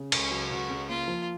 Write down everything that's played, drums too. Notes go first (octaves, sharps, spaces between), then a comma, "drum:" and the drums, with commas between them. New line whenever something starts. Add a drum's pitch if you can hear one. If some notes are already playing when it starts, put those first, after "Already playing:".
Already playing: C#3
C#2 C#4, drum: cymbal
F#3
C#2 F#4
C#3
A#3 F4
F3